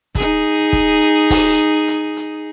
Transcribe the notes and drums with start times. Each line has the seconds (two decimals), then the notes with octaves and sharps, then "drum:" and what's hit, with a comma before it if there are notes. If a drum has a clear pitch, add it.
0.15 D#4 G#4, drum: kick, hi-hat
0.73 drum: kick, hi-hat
1.02 drum: hi-hat
1.30 drum: kick, open hi-hat
1.88 drum: hi-hat
2.17 drum: hi-hat